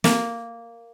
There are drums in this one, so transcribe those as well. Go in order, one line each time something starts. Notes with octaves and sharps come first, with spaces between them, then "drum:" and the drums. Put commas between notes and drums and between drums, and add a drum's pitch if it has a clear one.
A#3, drum: snare